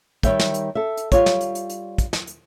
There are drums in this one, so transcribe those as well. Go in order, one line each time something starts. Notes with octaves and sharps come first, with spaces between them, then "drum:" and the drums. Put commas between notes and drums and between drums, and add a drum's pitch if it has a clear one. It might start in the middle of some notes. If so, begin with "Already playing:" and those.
D#3 G3 C#5 E5 G5, drum: kick, hi-hat
drum: snare
drum: hi-hat
A4 E5
drum: hi-hat
G3 F4 C#5, drum: kick, hi-hat
drum: snare
drum: hi-hat
drum: hi-hat
drum: hi-hat
drum: kick, hi-hat
drum: snare
drum: hi-hat